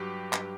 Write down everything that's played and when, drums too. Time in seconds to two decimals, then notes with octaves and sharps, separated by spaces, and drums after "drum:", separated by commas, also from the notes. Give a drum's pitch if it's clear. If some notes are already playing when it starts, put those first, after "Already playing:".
Already playing: G2 F#3 G4 B4
0.33 G2, drum: clap